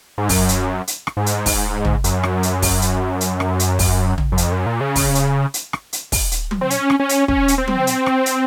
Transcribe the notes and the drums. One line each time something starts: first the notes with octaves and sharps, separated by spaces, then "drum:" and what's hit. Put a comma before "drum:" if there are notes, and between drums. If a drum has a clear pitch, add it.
G#2
F#2, drum: kick, open hi-hat
drum: hi-hat
drum: hi-hat
drum: rim click
G#2
drum: hi-hat
drum: kick, open hi-hat
drum: tom
F#2, drum: hi-hat
drum: rim click
drum: hi-hat
drum: kick, open hi-hat
drum: hi-hat
drum: hi-hat
drum: rim click
drum: hi-hat
drum: kick, open hi-hat
drum: tom
F#2
F2, drum: hi-hat
F#2
A#2
C#3
drum: kick, open hi-hat
drum: hi-hat
drum: hi-hat
drum: rim click
drum: hi-hat
drum: kick, open hi-hat
drum: hi-hat
drum: tom F#3
C4
C#4, drum: hi-hat
drum: rim click
C#4
drum: hi-hat
C#4, drum: kick
drum: hi-hat
C4
drum: tom F#3
drum: hi-hat
drum: rim click
drum: hi-hat